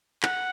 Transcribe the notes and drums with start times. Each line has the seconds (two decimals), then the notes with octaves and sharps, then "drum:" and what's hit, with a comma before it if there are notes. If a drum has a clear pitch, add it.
0.23 F#5, drum: clap